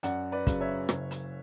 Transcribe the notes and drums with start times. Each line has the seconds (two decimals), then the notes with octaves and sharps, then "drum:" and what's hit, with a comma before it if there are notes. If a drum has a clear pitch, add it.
0.03 F#2 D5 F#5, drum: hi-hat
0.32 B4 D5
0.47 C#3 F#3, drum: kick, hi-hat
0.60 C#5 E5
0.89 F#1, drum: rim click
1.11 drum: hi-hat